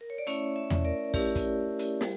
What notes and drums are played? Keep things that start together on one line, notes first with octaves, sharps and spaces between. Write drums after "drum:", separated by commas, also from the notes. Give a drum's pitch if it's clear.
A#4
C#5
D5
A3 C#4 E4 C#5 E5, drum: hi-hat
C#5 E5
drum: tom E2
A#4 D5
A3 C#4 E4 G4 A#4, drum: kick, open hi-hat
drum: kick, hi-hat
drum: hi-hat
G3, drum: snare